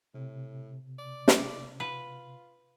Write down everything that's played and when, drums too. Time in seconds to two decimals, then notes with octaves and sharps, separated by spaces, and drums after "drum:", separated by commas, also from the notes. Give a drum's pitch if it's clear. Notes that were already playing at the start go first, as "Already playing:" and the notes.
0.14 A2 C3
0.99 D5
1.28 drum: snare
1.80 F4 B4